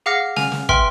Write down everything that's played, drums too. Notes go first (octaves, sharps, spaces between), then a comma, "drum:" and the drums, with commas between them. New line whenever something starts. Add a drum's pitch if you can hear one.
G#4 F5 F#5 D6 F6 A#6
G#5 F6 F7, drum: snare
drum: snare
B4 E5 G5 C6 F6, drum: kick